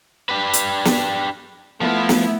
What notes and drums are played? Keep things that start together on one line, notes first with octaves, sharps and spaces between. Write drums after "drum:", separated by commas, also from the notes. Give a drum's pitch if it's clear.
D4 G4 B4
drum: hi-hat
drum: snare
F3 A3 B3 E4
drum: snare